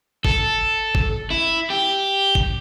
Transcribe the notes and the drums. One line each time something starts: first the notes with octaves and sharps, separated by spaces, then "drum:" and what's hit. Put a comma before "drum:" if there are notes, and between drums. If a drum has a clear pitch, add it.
A4, drum: kick G1
drum: kick G1
E4
G4
drum: kick G1